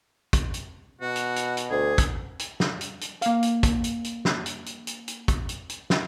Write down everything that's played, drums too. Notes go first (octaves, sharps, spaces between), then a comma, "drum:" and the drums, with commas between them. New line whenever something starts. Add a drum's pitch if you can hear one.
drum: kick, hi-hat
drum: hi-hat
B2 F#4
drum: hi-hat
drum: hi-hat
drum: hi-hat
D2 G#4
drum: kick, hi-hat
drum: hi-hat
drum: snare
drum: hi-hat
drum: hi-hat
A#3 F5, drum: hi-hat
drum: hi-hat
drum: kick, hi-hat
drum: hi-hat
drum: hi-hat
drum: snare
drum: hi-hat
drum: hi-hat
drum: hi-hat
drum: hi-hat
drum: kick, hi-hat
drum: hi-hat
drum: hi-hat
drum: snare